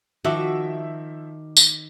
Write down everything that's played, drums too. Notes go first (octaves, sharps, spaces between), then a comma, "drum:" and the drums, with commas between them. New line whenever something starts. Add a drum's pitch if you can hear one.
D#3 F3 F#4 E5 D6
drum: tambourine